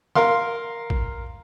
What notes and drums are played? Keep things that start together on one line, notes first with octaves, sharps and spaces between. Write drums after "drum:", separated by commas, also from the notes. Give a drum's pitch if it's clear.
A#4 F5 C6, drum: snare
drum: kick A1